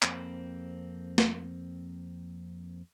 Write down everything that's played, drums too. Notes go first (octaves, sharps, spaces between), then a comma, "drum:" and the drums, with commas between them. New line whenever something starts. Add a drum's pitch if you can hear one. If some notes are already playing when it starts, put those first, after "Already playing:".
F2 A#3 C4 B5, drum: clap
drum: snare